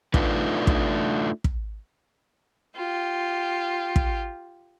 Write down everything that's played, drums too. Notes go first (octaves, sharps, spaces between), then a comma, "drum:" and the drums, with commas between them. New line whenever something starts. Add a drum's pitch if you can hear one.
A3 D4 D#4 F4 B4, drum: kick
drum: kick
drum: kick
F4 G4
drum: kick